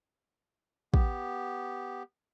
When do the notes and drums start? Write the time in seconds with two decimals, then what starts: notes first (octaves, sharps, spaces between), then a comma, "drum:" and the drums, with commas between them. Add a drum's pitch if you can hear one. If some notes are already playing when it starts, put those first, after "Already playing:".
0.94 B3 G4, drum: kick